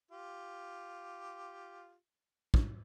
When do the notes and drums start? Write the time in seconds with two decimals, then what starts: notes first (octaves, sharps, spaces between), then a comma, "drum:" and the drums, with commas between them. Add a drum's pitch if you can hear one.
0.11 F4 G4
2.54 drum: kick